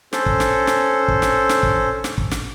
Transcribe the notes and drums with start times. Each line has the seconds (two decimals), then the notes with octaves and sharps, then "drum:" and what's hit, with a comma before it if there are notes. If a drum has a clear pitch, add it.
0.13 C#4 A4 C5, drum: snare
0.26 drum: kick
0.40 drum: snare
0.67 drum: snare
1.08 drum: kick
1.22 drum: snare
1.49 drum: snare
1.63 drum: kick
2.04 drum: snare
2.18 drum: kick
2.31 drum: snare